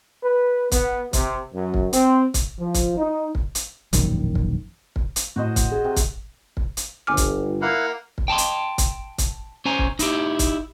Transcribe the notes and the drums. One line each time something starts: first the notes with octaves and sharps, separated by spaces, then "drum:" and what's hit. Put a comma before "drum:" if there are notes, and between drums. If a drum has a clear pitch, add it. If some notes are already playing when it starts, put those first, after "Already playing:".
B4
B3, drum: kick, hi-hat
C3, drum: kick, hi-hat
F#2
drum: kick
C4, drum: hi-hat
drum: kick, hi-hat
F3
drum: kick, hi-hat
D#4
drum: kick
drum: hi-hat
E1 A#1 F#2 D#3, drum: kick, hi-hat
drum: kick
drum: kick
drum: hi-hat
A2 F#4 C5 D#5
drum: kick, hi-hat
G#4
C3
drum: kick, hi-hat
drum: kick
drum: hi-hat
G1 G#5 D6 F6
drum: kick, hi-hat
A#3 E4 F5 F#5
drum: kick
G5 A5 A#5 C6
drum: hi-hat
drum: kick, hi-hat
drum: kick, hi-hat
C#4 C5 G#5 A#5
drum: kick
D#4 E4 G4, drum: hi-hat
drum: kick, hi-hat